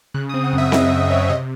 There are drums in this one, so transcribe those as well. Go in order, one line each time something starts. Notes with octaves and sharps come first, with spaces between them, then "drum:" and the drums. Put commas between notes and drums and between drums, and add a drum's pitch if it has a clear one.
C#3 F#6
D#6
C4
F#5
F#2
E5
C#3 D#5, drum: snare C4
F#2
C4 C#5
C3 D#5